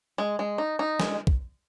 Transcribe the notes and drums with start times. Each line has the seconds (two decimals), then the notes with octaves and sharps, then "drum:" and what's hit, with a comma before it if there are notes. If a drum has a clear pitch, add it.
0.18 G#3
0.39 G#3
0.58 D#4
0.79 D#4
1.00 G#3, drum: snare
1.27 drum: kick